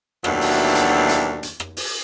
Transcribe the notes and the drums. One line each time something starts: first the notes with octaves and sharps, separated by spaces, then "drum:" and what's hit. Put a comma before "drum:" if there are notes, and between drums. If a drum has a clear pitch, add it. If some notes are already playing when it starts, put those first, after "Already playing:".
D#2 B2 E3 F#3 A3 D4, drum: rim click
drum: open hi-hat
drum: hi-hat
drum: hi-hat
drum: hi-hat
drum: rim click
drum: open hi-hat